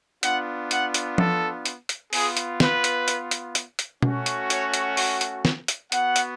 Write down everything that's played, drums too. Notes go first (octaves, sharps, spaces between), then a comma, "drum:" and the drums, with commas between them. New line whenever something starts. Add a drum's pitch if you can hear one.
B3 D4 F4 F#5, drum: hi-hat
F#5, drum: hi-hat
drum: hi-hat
A4, drum: tom F3
drum: hi-hat
drum: hi-hat
B3 F4 G#4, drum: open hi-hat
drum: hi-hat
B4, drum: snare
drum: hi-hat
drum: hi-hat
drum: hi-hat
drum: hi-hat
drum: hi-hat
A3 C#4 F#4, drum: tom
drum: hi-hat
C#5, drum: hi-hat
drum: hi-hat
drum: open hi-hat
drum: hi-hat
drum: snare
drum: hi-hat
B3 F#4 F#5, drum: hi-hat
drum: hi-hat